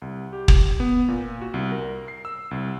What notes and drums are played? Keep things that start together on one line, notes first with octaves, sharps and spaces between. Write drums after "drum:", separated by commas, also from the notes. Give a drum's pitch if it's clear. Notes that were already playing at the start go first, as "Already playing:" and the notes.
C2
G4
drum: kick
B3
A#2
F#4
C2
A#4
C7
E6
C2